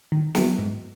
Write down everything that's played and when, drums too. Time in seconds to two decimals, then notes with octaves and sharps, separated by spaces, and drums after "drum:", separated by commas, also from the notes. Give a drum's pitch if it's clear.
0.12 D#3
0.35 F#3 B3 E4, drum: snare
0.58 G#2